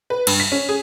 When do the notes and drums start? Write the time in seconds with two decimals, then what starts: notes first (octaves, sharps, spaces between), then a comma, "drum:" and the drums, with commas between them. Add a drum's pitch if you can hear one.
0.10 B4
0.27 G2, drum: cymbal
0.40 B6
0.52 C#4
0.69 G#4